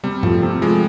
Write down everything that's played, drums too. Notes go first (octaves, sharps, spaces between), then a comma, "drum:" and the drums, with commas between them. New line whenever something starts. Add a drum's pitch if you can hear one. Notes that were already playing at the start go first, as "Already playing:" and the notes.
C3 G3
F3 A3, drum: tom G#2
C3
F3 G#3 A3